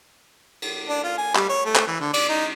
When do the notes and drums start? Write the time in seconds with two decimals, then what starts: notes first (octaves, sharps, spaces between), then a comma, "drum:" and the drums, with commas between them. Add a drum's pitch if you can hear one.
0.62 drum: cymbal
0.89 D4
1.04 F4
1.17 G#5
1.36 G3, drum: clap
1.49 C#5
1.65 A3
1.76 drum: clap
1.87 E3
2.01 D3
2.14 D5, drum: cymbal
2.29 D#4